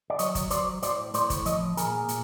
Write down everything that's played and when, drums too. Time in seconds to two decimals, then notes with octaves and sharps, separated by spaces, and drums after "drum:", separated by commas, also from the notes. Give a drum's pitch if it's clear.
0.10 D5
0.19 F#3 C#5 D#5, drum: hi-hat
0.35 drum: kick G1, hi-hat
0.50 F#3 C5 D5, drum: hi-hat
0.82 A2 C5 D5, drum: hi-hat
1.14 A2 C5 D5, drum: hi-hat
1.30 drum: kick G1, hi-hat
1.46 F3 C#5 D#5, drum: hi-hat
1.77 A#2 G#4 A#4, drum: hi-hat
2.08 A#2, drum: hi-hat